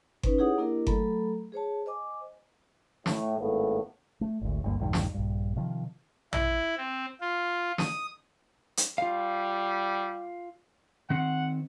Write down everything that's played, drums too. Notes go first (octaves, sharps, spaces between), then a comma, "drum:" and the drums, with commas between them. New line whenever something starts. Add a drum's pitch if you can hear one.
C#4 D#4 B4 C5, drum: kick G1
E4 G4 G#4 C#5 F#5 D#6
A#3 D4 E4 G4 A#4 D#5
F#3 A3 A4 A#5 B5, drum: kick G1
G#4 C5 C#5 A5
C5 D#5 G#5 D6
A2, drum: snare
G#1 A2 A#3 B3 A4
A3
G#1 D2
G1 D2 G2 A#3
A#1 E2 G2 D#3
drum: snare
A#1 G2
C3 D#3 F3
E4, drum: tom A#1
C4
F4
D#6, drum: snare
drum: hi-hat
G3 F4 F5
D#3 C4 F#5